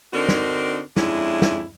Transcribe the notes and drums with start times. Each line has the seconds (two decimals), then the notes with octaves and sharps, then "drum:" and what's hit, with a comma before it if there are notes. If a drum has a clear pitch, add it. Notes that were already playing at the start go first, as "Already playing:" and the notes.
0.13 D3 C4 D4 D#4 F#4 A#4
0.29 drum: snare
0.97 F2 G#3 C#4 D4 E4, drum: snare
1.42 drum: snare